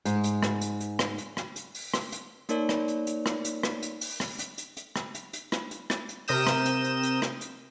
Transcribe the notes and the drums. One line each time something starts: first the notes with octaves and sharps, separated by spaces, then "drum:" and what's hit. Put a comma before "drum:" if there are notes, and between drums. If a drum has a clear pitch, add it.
G#2, drum: hi-hat
drum: hi-hat
drum: rim click
drum: hi-hat
drum: hi-hat
drum: rim click
drum: hi-hat
drum: rim click
drum: hi-hat
drum: open hi-hat
drum: rim click
drum: hi-hat
A#3 D#4 A#4 C#5 D5, drum: hi-hat
drum: rim click
drum: hi-hat
drum: hi-hat
drum: rim click
drum: hi-hat
drum: rim click
drum: hi-hat
drum: open hi-hat
drum: rim click
drum: hi-hat
drum: hi-hat
drum: hi-hat
drum: rim click
drum: hi-hat
drum: hi-hat
drum: rim click
drum: hi-hat
drum: rim click
drum: hi-hat
C3 A#4 D#6 G6 E7, drum: open hi-hat
drum: rim click
drum: hi-hat
drum: hi-hat
drum: hi-hat
drum: rim click
drum: hi-hat